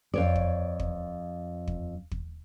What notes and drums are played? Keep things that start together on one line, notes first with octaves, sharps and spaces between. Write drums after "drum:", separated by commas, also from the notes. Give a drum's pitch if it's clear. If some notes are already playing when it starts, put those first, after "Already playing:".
F2 C#5 D5
drum: kick
drum: kick
drum: kick
drum: kick